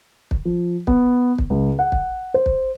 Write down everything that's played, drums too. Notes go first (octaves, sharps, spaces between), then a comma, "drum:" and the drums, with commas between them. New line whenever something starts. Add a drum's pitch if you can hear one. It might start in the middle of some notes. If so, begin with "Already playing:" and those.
drum: kick
F3
B3, drum: kick
drum: kick
C#2
F#5
drum: kick
C5
drum: kick